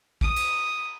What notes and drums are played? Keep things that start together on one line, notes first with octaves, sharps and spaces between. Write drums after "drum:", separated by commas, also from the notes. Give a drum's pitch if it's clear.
D#6, drum: kick
drum: cymbal